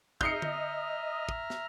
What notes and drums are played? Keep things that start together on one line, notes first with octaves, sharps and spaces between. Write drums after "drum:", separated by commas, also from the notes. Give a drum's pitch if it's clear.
D#5 E5 A#5 F6 G6 C7 C#7, drum: kick
drum: tom D3
drum: kick
drum: snare